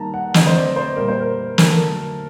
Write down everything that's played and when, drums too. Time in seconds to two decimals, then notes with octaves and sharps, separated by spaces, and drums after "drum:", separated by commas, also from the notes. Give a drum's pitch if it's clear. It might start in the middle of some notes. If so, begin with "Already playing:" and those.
Already playing: D#3 G3 A#3 A5 A#5
0.14 F#5
0.34 D3 A3 C4 D#5, drum: snare
0.46 C5
0.56 D5
0.76 C5
0.96 A#2 G3 A#3 A#4
1.08 C5
1.20 A#4
1.58 D3 F#3 A3 A#4, drum: snare
1.65 A4
1.73 A#4